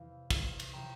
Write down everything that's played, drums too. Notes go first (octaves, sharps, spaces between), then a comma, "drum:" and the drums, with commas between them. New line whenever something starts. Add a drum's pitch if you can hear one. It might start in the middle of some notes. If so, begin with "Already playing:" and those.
Already playing: E2 C3 E3 F5
E2 C3 E3, drum: kick, cymbal
drum: cymbal
C3 E3 G5 A#5